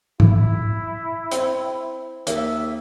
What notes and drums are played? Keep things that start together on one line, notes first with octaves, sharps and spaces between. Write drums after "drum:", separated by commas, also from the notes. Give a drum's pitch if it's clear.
E4, drum: tom G#2
C4, drum: hi-hat
D#2 E5, drum: hi-hat